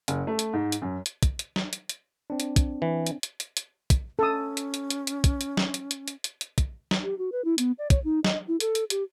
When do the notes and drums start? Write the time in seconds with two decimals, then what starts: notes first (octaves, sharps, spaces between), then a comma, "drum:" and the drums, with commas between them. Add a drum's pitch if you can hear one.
0.08 F#1, drum: hi-hat
0.27 A3
0.39 drum: hi-hat
0.53 G#2
0.72 drum: hi-hat
0.82 F#2
1.06 drum: hi-hat
1.23 drum: kick, hi-hat
1.39 drum: hi-hat
1.56 drum: snare
1.73 drum: hi-hat
1.89 drum: hi-hat
2.30 C4 D4
2.40 drum: hi-hat
2.56 drum: kick, hi-hat
2.82 E3
3.07 drum: hi-hat
3.23 drum: hi-hat
3.40 drum: hi-hat
3.57 drum: hi-hat
3.90 drum: kick, hi-hat
4.19 C#4 A4 D#6
4.57 drum: hi-hat
4.74 drum: hi-hat
4.90 drum: hi-hat
5.07 drum: hi-hat
5.24 drum: kick, hi-hat
5.41 drum: hi-hat
5.57 drum: snare
5.74 drum: hi-hat
5.91 drum: hi-hat
6.08 drum: hi-hat
6.24 drum: hi-hat
6.41 drum: hi-hat
6.58 drum: kick, hi-hat
6.91 drum: snare
7.03 G4
7.18 F#4
7.32 B4
7.45 E4
7.58 B3, drum: hi-hat
7.78 D5
7.90 C#5, drum: kick, hi-hat
8.04 D#4
8.24 D#5, drum: snare
8.48 E4
8.60 A4, drum: hi-hat
8.75 drum: hi-hat
8.90 G4, drum: hi-hat